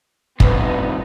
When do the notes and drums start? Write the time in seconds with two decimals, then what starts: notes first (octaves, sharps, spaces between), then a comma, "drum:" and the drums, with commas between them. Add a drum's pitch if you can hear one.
0.40 C2 F2 B3 D#4, drum: kick